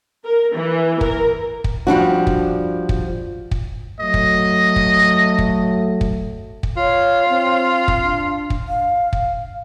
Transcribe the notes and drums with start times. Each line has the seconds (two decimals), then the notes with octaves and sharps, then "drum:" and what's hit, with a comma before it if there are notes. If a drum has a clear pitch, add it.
0.25 A#4
0.55 E3
1.01 A#4, drum: kick
1.64 drum: kick
1.87 F3 G3 D4 F#4
2.27 drum: kick
2.89 drum: kick
3.51 drum: kick
4.00 F#3 A3 D#5
4.14 drum: kick
4.76 drum: kick
5.38 drum: kick
6.01 drum: kick
6.63 drum: kick
6.77 F4 C#5
7.29 C4
7.88 drum: kick
8.00 D4
8.50 drum: kick
8.68 F5
9.13 drum: kick